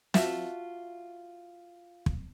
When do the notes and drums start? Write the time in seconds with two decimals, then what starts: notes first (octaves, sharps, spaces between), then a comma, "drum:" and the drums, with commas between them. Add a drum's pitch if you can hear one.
0.14 F4 F#4 E5 A5, drum: snare
2.06 drum: kick